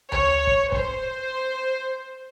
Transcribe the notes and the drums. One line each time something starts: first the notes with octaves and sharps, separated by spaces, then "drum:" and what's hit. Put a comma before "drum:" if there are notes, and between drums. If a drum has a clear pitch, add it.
C#5, drum: tom D2
drum: kick
C5, drum: kick